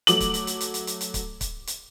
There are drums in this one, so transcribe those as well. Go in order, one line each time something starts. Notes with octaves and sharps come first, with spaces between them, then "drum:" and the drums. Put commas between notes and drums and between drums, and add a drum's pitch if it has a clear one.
F#3 A3 D6 F#7, drum: hi-hat
drum: kick C#1, hi-hat
drum: hi-hat
drum: hi-hat
drum: hi-hat
drum: hi-hat
drum: hi-hat
drum: hi-hat
drum: kick C#1, hi-hat
drum: kick C#1, hi-hat
drum: hi-hat